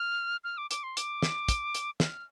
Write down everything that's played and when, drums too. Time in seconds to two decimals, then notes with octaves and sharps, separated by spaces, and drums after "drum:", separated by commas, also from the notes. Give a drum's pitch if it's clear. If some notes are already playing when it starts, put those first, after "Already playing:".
Already playing: F6
0.44 F6
0.58 D6
0.71 D6, drum: hi-hat
0.83 C6
0.97 D6, drum: hi-hat
1.22 drum: snare
1.48 drum: kick, hi-hat
1.74 drum: hi-hat
2.00 F6, drum: snare